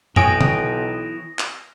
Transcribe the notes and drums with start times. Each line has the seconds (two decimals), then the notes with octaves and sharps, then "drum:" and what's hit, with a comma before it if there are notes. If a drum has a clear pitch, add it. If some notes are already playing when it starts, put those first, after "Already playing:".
0.16 B1 E3 C#5 G5 G#5 D#6 A#6, drum: tom F#2
0.41 drum: tom C#3
1.39 drum: clap